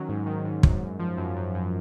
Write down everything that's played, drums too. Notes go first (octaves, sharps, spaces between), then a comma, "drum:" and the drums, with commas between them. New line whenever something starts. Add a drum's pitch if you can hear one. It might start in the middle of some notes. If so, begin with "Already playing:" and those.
Already playing: D#3 F#3 C#4
G#2
D#3
G#2
F#2, drum: kick
F#2
F3
F#2
F#2
F#2